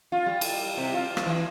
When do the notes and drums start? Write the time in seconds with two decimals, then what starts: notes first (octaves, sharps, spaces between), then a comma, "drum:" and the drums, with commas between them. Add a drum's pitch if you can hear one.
0.12 F4
0.26 G3
0.41 drum: cymbal
0.77 C3
0.94 F4
1.17 drum: rim click
1.26 E3